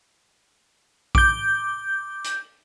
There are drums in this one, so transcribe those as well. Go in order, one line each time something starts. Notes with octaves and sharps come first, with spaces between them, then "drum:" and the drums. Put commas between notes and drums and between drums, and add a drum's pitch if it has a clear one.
D6 G6, drum: kick A#1
drum: hi-hat